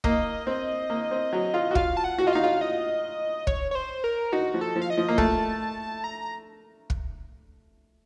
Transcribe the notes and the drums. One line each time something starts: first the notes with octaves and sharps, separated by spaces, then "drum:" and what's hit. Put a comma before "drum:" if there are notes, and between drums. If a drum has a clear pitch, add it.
A#3 D#5, drum: kick
C4
A#3
C4
F#3
F4
F#4
F4 F5, drum: kick
A5
F#5
F#4
F4 D#5
D#4 F5
F4
D#5
C#5, drum: kick
C#5
C5
A#4
D#4 F#4
F3
A4
F3
F5
D#5
F3
A#3
A3 A5, drum: kick
A#5
drum: kick